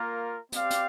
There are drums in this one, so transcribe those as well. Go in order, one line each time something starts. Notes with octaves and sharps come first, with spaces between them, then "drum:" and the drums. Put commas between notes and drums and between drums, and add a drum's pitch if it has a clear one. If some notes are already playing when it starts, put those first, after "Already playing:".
Already playing: A#3 F4 A#4
C4 G4 D5 F5, drum: hi-hat
drum: hi-hat